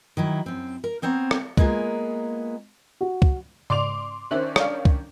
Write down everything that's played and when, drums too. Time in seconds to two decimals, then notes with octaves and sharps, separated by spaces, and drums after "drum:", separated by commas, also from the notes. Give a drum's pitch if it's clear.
0.17 D#3 F#3 E4
0.46 F#2 C4
0.84 A#4
1.02 B3 C4 C5 C#5 A#5
1.31 drum: rim click
1.57 G#3 A#3 B3 F4 G#4 A#4, drum: kick
3.01 F#4
3.22 drum: kick
3.70 G#2 C#3 D5 C6 D6 F7
4.31 D#3 C#4 D4 C5 E5 F#6
4.56 C#5 D5 F5, drum: rim click
4.85 drum: kick